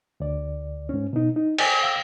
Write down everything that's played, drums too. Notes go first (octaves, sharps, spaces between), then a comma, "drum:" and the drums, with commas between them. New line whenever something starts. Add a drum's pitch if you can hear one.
D2 D5
G#2 C#4
B2 D#4
D#4
G5 G#5, drum: cymbal
F5 G5 D6 E6